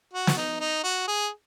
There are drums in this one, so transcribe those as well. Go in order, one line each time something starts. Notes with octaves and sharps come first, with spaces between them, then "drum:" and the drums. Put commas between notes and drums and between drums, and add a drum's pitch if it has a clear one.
F#4
drum: snare
D#4
D#4
F#4
G#4